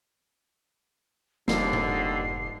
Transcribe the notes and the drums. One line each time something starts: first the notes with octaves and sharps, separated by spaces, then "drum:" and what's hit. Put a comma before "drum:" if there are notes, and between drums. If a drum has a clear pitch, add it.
F1 D#2 D3 F3 G3 D#4 C7, drum: snare
drum: tom G#2